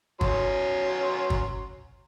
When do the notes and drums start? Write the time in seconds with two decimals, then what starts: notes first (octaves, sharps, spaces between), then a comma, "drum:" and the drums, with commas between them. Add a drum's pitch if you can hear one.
0.21 F#3 C#4 C6, drum: kick
1.30 drum: kick